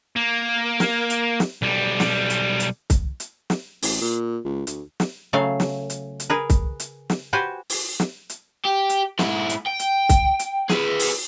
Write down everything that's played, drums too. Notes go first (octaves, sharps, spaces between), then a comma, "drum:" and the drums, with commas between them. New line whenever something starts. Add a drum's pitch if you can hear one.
A#3
drum: snare
drum: hi-hat
drum: snare
B1 G3
drum: snare
drum: hi-hat
drum: hi-hat
drum: kick C2, hi-hat
drum: hi-hat
drum: snare
A1, drum: open hi-hat
A#2
C#2
D2, drum: hi-hat
drum: snare
C#3 F#3 A3 F5
drum: snare
drum: hi-hat
drum: hi-hat
G#4 A#4 B4
drum: kick C2, hi-hat
drum: hi-hat
drum: snare
F#4 G4 B4 C5 G#5
drum: open hi-hat
drum: snare
drum: hi-hat
G4
drum: hi-hat
G#2 E4, drum: snare
drum: hi-hat
G5
drum: hi-hat
drum: kick C2, hi-hat
drum: hi-hat
G#4 B4, drum: snare
drum: open hi-hat